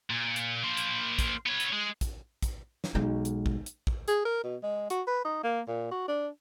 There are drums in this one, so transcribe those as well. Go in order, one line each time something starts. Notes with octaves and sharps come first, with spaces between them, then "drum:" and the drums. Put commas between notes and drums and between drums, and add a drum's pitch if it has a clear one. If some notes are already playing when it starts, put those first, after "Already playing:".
A#2
drum: hi-hat
A#3 C5
drum: hi-hat
drum: kick, hi-hat
B3 C#5
drum: hi-hat
G#3
drum: kick, hi-hat
drum: kick, hi-hat
drum: snare
B1 G#3
drum: hi-hat
drum: kick
drum: hi-hat
drum: kick
G#4, drum: hi-hat
A#4
B2
G#3
F#4, drum: hi-hat
B4
D#4
A#3
A#2
F#4
D4